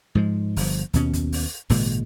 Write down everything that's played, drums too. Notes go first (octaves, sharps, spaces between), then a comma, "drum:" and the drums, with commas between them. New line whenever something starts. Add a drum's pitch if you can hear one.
G#2 F3 G#3
G1 F3, drum: open hi-hat
D#2 B2 C#4, drum: hi-hat
drum: kick, hi-hat
drum: open hi-hat
G#1 A#2 C#3 G#3, drum: open hi-hat